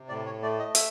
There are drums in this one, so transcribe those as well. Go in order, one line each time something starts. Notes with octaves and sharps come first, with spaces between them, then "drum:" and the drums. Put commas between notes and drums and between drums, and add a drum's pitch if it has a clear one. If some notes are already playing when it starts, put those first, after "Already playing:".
Already playing: C3
A2 D5
C#5
A3 D5
D#5
E5, drum: hi-hat